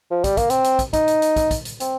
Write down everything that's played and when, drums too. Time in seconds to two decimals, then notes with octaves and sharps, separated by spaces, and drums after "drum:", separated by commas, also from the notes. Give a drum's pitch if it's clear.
0.11 F3
0.24 G3, drum: kick, hi-hat
0.37 A#3, drum: kick, hi-hat
0.50 C4, drum: hi-hat
0.64 drum: hi-hat
0.79 drum: kick, hi-hat
0.93 D#4, drum: kick, hi-hat
1.08 drum: hi-hat
1.22 drum: hi-hat
1.36 drum: kick, hi-hat
1.51 drum: kick, hi-hat
1.65 drum: hi-hat
1.80 C4, drum: hi-hat